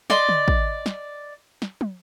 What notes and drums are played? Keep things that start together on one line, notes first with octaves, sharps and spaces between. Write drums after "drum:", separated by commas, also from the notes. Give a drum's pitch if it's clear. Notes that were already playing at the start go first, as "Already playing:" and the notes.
D5 D#5 C6, drum: snare
drum: tom
drum: kick
drum: snare
drum: snare
drum: tom